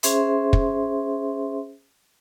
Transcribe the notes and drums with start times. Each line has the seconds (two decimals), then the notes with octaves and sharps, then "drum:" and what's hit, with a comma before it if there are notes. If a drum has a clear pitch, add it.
0.03 C#4 G#4 C5 E5 C6, drum: hi-hat
0.53 drum: kick